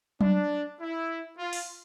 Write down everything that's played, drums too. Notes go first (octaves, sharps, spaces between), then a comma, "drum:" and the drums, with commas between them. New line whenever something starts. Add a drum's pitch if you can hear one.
D4, drum: tom F#3
E4
F4
drum: open hi-hat